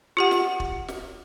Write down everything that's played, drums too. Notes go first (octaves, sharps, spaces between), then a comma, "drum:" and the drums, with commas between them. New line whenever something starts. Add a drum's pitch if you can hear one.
F4 G4 F#5
drum: snare
drum: kick
drum: snare